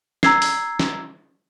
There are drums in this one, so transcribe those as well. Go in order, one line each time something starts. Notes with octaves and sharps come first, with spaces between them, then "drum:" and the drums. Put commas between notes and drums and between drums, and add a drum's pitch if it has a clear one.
A#5 E6 G#6 C7, drum: snare
drum: open hi-hat
drum: snare